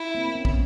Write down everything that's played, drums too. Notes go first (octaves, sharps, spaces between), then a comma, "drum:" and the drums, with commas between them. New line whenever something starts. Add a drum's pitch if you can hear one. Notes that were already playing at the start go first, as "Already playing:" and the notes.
Already playing: E4
A#3 C4
B3 C#4
drum: kick